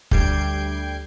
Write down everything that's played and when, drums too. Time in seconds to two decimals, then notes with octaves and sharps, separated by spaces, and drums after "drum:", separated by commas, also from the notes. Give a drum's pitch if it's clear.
0.11 D2 G3 G6 G#6 C7 D7, drum: kick